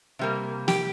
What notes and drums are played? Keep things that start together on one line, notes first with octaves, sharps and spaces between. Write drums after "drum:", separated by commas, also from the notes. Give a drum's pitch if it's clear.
C3 G3 A#3
G4, drum: snare